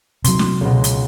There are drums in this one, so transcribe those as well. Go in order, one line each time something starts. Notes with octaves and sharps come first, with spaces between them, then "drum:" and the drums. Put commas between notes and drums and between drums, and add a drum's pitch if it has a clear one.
C3 F#3 C6, drum: hi-hat
drum: snare
C#2 B2
drum: hi-hat